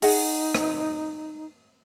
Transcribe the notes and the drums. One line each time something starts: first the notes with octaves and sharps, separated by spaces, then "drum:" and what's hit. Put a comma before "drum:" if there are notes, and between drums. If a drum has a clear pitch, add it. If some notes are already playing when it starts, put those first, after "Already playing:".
D#4 G#4 D#5 F#5, drum: open hi-hat
drum: rim click